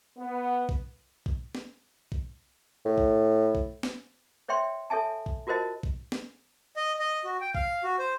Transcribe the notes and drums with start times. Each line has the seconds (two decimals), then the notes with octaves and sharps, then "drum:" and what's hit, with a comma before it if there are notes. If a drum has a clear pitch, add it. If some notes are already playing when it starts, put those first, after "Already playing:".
0.18 B3
0.69 drum: kick
1.26 drum: kick
1.55 drum: snare
2.12 drum: kick
2.86 A2
2.98 drum: kick
3.55 drum: kick
3.83 drum: snare
4.48 C5 C#5 E5 G5 C6
4.90 A4 C#5 E5 G#5 A5
5.26 drum: kick
5.47 F4 F#4 A#4 C5 D#5 A5
5.83 drum: kick
6.12 drum: snare
6.76 D#5
6.99 D#5
7.24 F#4
7.41 G5
7.55 F5, drum: kick
7.84 F#4
7.99 C5